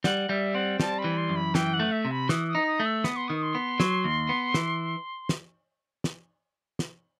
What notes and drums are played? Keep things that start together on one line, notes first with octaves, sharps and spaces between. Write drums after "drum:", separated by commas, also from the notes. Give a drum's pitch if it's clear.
G3 F#5, drum: snare
G3 E5
C4 F#5
G3 A5, drum: snare
B5
E3
C6
F#2
B5
E3 G5, drum: snare
F#5
A3
E5
C3
B5
E3 D#6, drum: snare
D#6
D#4
D#6
A3
E6
B3 D#6, drum: snare
C6
D#3 D#6
C6
B3
F#3, drum: snare
D#2
B3
E3, drum: snare
drum: snare
drum: snare
drum: snare